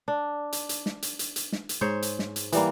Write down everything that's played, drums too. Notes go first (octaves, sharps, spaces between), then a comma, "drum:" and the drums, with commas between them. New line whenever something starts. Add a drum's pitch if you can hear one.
D4
drum: hi-hat
drum: hi-hat
drum: snare
drum: hi-hat
drum: hi-hat
drum: hi-hat
drum: snare
drum: hi-hat
G#2 C5 C#5
drum: hi-hat
drum: snare
drum: hi-hat
E3 G3 A#3, drum: hi-hat